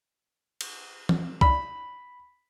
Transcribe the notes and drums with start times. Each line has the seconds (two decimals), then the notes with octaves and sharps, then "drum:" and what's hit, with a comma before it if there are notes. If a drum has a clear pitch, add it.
0.61 drum: cymbal
1.09 drum: tom
1.41 B5, drum: kick C2